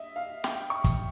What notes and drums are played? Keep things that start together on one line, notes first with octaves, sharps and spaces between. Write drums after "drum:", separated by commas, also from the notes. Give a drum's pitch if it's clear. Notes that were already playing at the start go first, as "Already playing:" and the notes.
Already playing: D#5 E5
F5
G5, drum: snare
C#6
drum: kick, hi-hat